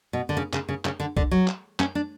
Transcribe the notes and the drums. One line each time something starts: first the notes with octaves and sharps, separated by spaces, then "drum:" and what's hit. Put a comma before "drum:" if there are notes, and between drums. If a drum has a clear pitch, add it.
B2
D3
C#3
C#3, drum: clap
C#3
C#3, drum: clap
D3
D3, drum: kick B1
F#3
drum: clap
C#4, drum: clap
D4